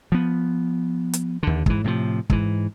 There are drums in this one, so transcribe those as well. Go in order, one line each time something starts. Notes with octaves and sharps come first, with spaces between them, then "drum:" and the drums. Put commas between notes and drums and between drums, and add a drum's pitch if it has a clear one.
F3 B3
drum: hi-hat
D#2 D3
G#2 E3, drum: kick
A2 C3 E3 F3
G#2 E3, drum: kick